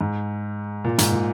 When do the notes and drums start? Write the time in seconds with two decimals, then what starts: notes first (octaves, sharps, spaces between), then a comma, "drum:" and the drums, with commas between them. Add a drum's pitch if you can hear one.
0.01 G#2
0.84 A#2
0.98 G#2, drum: hi-hat
1.12 A#2